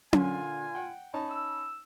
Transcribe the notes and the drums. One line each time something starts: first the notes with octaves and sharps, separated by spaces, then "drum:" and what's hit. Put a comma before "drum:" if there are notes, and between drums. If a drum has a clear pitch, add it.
A#2 D3 F4 G#5, drum: tom C#4
F#5 G5
C#4 D#4 A5 B5
E6